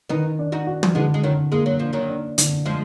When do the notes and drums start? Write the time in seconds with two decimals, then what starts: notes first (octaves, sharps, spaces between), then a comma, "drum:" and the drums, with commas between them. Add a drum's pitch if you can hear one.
0.09 D#3 B3 D#4
0.39 D4
0.52 D#4 F#4
0.67 F#4
0.83 drum: tom
0.95 D3 G#3 B3
1.14 G#3
1.23 D3 D#3 F#3
1.52 G#3 A#3
1.66 F#3
1.80 F3 D4
1.93 D#3 F#3
2.09 D4
2.38 D3, drum: hi-hat
2.65 F3 G#3